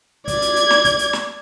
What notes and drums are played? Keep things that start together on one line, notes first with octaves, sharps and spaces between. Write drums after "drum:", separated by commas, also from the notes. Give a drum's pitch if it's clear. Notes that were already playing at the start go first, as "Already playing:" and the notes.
D5 G#6, drum: kick, hi-hat
drum: hi-hat
drum: hi-hat
drum: snare
drum: kick, hi-hat
drum: hi-hat
drum: snare